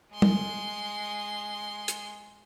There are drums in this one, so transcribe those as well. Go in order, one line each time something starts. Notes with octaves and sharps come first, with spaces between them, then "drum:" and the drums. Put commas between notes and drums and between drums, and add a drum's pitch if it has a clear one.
G#3 C6
drum: tom G3
drum: hi-hat